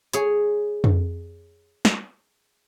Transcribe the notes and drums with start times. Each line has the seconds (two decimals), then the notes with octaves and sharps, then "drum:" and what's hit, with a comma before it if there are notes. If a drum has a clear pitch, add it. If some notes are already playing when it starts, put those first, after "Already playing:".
0.13 G#4 C#5, drum: hi-hat
0.84 drum: tom F2
1.85 drum: snare